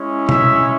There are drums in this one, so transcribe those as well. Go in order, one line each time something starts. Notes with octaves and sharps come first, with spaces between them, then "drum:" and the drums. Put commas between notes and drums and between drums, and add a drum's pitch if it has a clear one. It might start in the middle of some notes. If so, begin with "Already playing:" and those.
Already playing: G#3 C#4 E4
E5, drum: tom B2